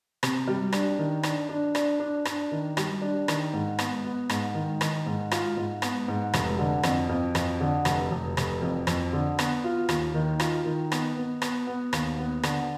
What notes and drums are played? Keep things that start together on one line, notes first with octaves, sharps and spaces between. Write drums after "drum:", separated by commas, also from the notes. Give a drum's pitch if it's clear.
C3, drum: rim click
G3
D4, drum: rim click
D#3
D4, drum: rim click
D4
D4, drum: rim click
D4
D4, drum: rim click
D#3
G3, drum: rim click
D4
D#3, drum: rim click
G#2
B3, drum: rim click
B3
G#2, drum: rim click
D#3
D#3, drum: rim click
G#2
F4, drum: rim click
G#2
B3, drum: rim click
G#2
F1, drum: rim click
D3
F2, drum: rim click
F2
F2, drum: rim click
D3
F1, drum: rim click
F1
F1, drum: rim click
F2
F2, drum: rim click
D3
B3, drum: rim click
F4
D#2, drum: rim click
D#3
F4, drum: rim click
D#3
B3, drum: rim click
B3
B3, drum: rim click
B3
D#2, drum: rim click
B3
D3, drum: rim click